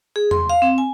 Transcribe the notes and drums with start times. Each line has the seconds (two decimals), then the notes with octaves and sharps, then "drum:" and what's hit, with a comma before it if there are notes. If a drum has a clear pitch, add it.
0.16 G#4
0.31 C6, drum: tom E2
0.50 F5
0.62 C4
0.78 G#5